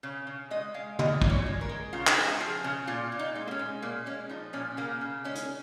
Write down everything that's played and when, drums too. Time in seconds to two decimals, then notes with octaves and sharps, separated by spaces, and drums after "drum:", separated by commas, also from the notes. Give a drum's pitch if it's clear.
0.03 C#3
0.27 C#3
0.51 G#3 D#5
0.74 G#3 F5
0.99 A#2 D#5, drum: tom
1.22 A#2, drum: kick
1.30 C#5
1.46 G#3
1.61 A#4
1.69 G#3
1.93 C#3 F4
2.07 drum: clap
2.17 G#3
2.40 F3 G#4
2.64 C#3
2.87 A#2 F4
3.12 A#2
3.19 D#4
3.35 G#3
3.47 A#3
3.51 C#4
3.59 G#3
3.82 A#2 A#3
4.06 G#3 C#4
4.29 F3 D#4
4.53 A#2 C#4
4.77 C#3 A#3
5.01 C#3
5.24 G#3 C#4
5.35 drum: hi-hat